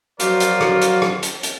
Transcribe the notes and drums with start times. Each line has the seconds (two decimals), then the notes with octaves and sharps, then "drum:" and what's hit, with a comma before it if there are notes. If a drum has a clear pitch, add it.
0.20 F3 F#3 F4 F#4 A#4 D5, drum: hi-hat
0.40 drum: hi-hat
0.61 drum: rim click
0.81 drum: hi-hat
1.02 drum: rim click
1.22 drum: hi-hat
1.43 drum: hi-hat